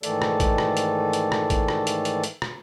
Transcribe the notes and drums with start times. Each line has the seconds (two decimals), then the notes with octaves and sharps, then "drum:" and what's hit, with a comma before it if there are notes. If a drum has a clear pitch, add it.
0.03 G#2 D#3 E3 A3 A4 D5, drum: hi-hat
0.22 drum: rim click
0.40 drum: kick, hi-hat
0.58 drum: rim click
0.77 drum: hi-hat
1.13 drum: hi-hat
1.32 drum: rim click
1.50 drum: kick, hi-hat
1.68 drum: rim click
1.87 drum: hi-hat
2.05 drum: hi-hat
2.24 drum: hi-hat
2.42 drum: rim click